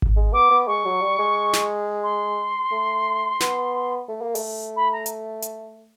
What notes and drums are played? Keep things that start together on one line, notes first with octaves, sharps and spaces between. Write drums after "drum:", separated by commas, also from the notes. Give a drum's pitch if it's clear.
drum: kick G#1
G#3
B3 D6
B3
G#3 C#6
F#3
G3
G#3
drum: snare
C6
A3
B3, drum: snare
A3
A#3
A3, drum: open hi-hat
B5
A#5
drum: hi-hat
drum: hi-hat